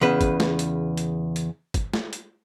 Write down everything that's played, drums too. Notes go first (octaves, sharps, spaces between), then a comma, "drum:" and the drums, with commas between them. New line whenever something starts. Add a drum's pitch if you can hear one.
E2 C#3 B4
drum: kick, hi-hat
drum: snare
drum: hi-hat
drum: hi-hat
drum: hi-hat
drum: kick, hi-hat
drum: snare
drum: hi-hat